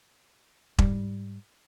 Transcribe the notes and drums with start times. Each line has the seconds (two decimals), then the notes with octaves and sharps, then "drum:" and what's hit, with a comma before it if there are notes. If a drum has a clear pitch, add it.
0.79 G#2 G3, drum: kick E1